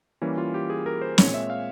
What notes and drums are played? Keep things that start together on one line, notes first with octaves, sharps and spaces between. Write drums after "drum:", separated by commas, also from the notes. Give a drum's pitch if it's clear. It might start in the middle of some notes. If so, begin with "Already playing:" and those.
E3 G3 A#3 C#4
F4
G4
G#4
A#4
C5
A#2 G#3 C4 C#5, drum: snare
E5
F5